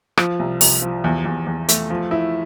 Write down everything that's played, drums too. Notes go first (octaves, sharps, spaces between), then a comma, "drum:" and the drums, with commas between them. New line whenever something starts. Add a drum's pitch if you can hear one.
F3, drum: rim click
C2
C2, drum: open hi-hat
F3
E2
E2
E2
A3, drum: hi-hat
F3
E4